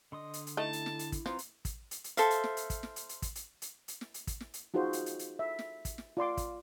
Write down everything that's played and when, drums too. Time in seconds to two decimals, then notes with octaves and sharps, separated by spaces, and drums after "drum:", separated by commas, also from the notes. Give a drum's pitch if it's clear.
0.12 D3 D#5 C6 D#6
0.34 drum: hi-hat
0.47 drum: hi-hat
0.57 A3 D#4 E4 A5
0.73 drum: hi-hat
0.86 drum: snare
0.99 drum: hi-hat
1.12 drum: kick, hi-hat
1.26 F3 C4 B4 A#5, drum: snare
1.39 drum: hi-hat
1.65 drum: kick, hi-hat
1.91 drum: hi-hat
2.04 drum: hi-hat
2.17 A4 C5 E5 F5, drum: hi-hat
2.30 drum: hi-hat
2.44 drum: snare
2.57 drum: hi-hat
2.70 drum: kick, hi-hat
2.83 drum: snare
2.96 drum: hi-hat
3.09 drum: hi-hat
3.22 drum: kick, hi-hat
3.35 drum: hi-hat
3.62 drum: hi-hat
3.88 drum: hi-hat
4.01 drum: snare
4.14 drum: hi-hat
4.27 drum: kick, hi-hat
4.40 drum: snare
4.54 drum: hi-hat
4.74 D#4 F4 F#4 G#4 C5 D#5
4.93 drum: hi-hat
5.06 drum: hi-hat
5.19 drum: hi-hat
5.39 E5
5.59 drum: snare
5.85 drum: kick, hi-hat
5.98 drum: snare
6.17 F4 D5 C6 D6
6.37 drum: kick, hi-hat